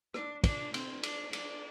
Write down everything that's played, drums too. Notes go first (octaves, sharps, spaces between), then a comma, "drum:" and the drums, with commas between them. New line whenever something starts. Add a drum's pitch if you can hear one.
D4, drum: rim click
D4, drum: kick, cymbal
C4, drum: cymbal
D4, drum: cymbal
D4, drum: cymbal